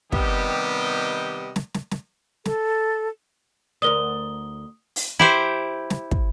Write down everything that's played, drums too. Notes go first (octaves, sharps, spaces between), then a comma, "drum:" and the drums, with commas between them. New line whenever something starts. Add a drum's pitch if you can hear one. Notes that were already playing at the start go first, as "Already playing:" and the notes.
C3 D#3 G3 B3 G4 D#5, drum: kick
drum: snare
drum: snare
drum: snare
A4, drum: snare
D2 A#4 D5 D#6 G7
drum: open hi-hat
E4 G4 C5
drum: snare
drum: kick